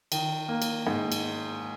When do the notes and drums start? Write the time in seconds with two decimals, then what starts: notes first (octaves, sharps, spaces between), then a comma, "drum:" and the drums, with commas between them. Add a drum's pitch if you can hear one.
0.12 D#3, drum: cymbal
0.49 A#3
0.62 drum: cymbal
0.87 G#2
1.12 drum: cymbal